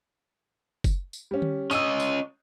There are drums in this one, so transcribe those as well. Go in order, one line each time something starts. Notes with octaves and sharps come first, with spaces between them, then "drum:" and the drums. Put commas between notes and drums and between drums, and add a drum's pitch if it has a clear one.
drum: kick F#1, tambourine
drum: tambourine
G3 C#4
drum: tom D3
C#4 D#5 D#6 E6, drum: tambourine
drum: tambourine